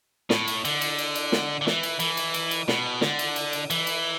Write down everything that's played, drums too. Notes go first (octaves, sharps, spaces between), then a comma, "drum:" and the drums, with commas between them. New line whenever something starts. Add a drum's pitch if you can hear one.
A2, drum: snare
drum: cymbal
D3, drum: cymbal
drum: cymbal
drum: cymbal
drum: cymbal
drum: snare
D3
E3, drum: snare
drum: cymbal
E3, drum: cymbal
drum: cymbal
drum: cymbal
drum: cymbal
B2, drum: snare
D3, drum: snare
drum: cymbal
drum: cymbal
drum: cymbal
E3, drum: cymbal
drum: cymbal